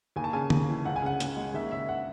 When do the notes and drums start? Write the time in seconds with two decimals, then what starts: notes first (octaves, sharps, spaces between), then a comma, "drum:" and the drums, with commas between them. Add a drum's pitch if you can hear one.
0.16 D#2 G#5
0.24 A5
0.33 C#3 G#5
0.50 D#2, drum: tom D3
0.69 E3
0.85 C#2 F#5
0.96 G#5
1.02 C#3 F#5
1.20 C#2, drum: hi-hat
1.37 G#3
1.54 D#2 E5
1.71 C#3 E5
1.89 F#5